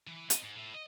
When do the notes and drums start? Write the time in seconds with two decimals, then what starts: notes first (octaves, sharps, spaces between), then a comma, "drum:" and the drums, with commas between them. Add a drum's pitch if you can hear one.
0.07 E3
0.30 C4 D#5, drum: hi-hat
0.43 G#2
0.56 A2
0.74 D#5